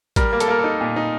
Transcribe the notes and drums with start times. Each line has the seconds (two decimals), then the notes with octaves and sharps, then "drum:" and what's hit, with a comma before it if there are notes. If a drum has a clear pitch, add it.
0.16 G3 A#4, drum: kick A1, hi-hat
0.33 A#3
0.40 A4, drum: hi-hat
0.48 A#3 A#4
0.59 D#4 A4
0.81 A#2
0.96 D#4